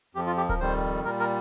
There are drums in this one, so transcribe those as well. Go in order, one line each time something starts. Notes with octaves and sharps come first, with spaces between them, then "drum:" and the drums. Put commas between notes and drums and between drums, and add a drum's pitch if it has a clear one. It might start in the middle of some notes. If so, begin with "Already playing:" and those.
F2 F3 G4
F4
G4
A#4, drum: kick D1
F2 D#3 G3 C5
A#2 G3 A#4
A#4